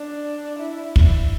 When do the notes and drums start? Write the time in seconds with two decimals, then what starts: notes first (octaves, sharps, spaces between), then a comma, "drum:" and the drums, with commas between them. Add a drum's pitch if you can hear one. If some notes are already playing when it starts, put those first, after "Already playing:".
Already playing: D4
0.60 E4
0.96 drum: kick